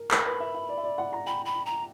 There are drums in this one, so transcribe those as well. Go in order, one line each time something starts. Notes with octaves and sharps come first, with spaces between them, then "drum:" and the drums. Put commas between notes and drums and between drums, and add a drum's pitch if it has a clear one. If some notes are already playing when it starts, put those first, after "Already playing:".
Already playing: A#4
A#4 B5, drum: clap
B4
E5
E5
D5
E5
D5
F#5
A#5
G5 B5
B5
A#5